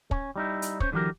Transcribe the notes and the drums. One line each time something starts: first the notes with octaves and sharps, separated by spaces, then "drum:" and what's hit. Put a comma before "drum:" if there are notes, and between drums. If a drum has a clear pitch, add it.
C#4, drum: kick
G3 D#4 E4
drum: hi-hat
C#4 C5 C#5, drum: kick
D3 E3 F#3 G4 A#4